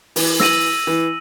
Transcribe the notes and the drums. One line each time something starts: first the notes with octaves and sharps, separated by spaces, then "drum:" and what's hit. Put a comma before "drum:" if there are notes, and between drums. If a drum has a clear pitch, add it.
E3, drum: open hi-hat
E6 A#6 D#7 F#7, drum: snare
E3